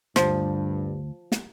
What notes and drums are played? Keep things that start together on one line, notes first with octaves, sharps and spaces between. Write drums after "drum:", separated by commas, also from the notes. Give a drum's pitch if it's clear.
D2 G2 F3, drum: snare
drum: snare